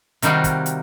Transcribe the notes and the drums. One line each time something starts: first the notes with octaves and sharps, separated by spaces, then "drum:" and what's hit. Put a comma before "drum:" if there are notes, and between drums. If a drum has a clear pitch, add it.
C3 D#3 G3 D#4 F4 F#4, drum: hi-hat
drum: kick, hi-hat
drum: hi-hat